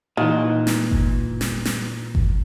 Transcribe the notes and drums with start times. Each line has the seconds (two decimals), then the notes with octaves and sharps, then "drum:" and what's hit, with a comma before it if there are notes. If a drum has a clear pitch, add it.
0.17 A#2 D#3 E3
0.67 drum: snare
0.91 drum: kick G1
1.41 drum: snare
1.65 drum: snare
2.15 drum: kick G1